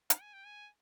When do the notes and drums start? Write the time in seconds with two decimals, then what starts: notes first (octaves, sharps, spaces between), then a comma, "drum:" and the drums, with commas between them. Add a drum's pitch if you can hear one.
0.10 F5, drum: hi-hat
0.21 G#5
0.33 G5
0.45 G#5